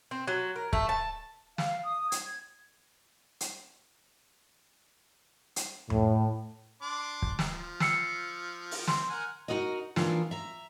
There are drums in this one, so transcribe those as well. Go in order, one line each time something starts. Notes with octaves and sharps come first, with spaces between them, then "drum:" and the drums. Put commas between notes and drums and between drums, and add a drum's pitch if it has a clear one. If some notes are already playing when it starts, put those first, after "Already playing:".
C4
F#3
A#4
A3, drum: kick
A5
F5, drum: snare
D#6
G#6, drum: hi-hat
drum: hi-hat
drum: hi-hat
A2, drum: tom F2
D4 C6 D6
drum: kick
D#4, drum: snare
F3
E6 C7 C#7, drum: snare
drum: open hi-hat
C4 C6, drum: snare
A#4 F#5 G#5
D#4 F4 F#4 A#4 D#5
E3 F#3 A#3 D4 D#4 F4, drum: snare
E5 A#5